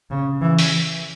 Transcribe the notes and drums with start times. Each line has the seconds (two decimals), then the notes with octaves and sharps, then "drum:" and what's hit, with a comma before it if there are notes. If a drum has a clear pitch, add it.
0.10 C#3
0.41 E3
0.59 drum: open hi-hat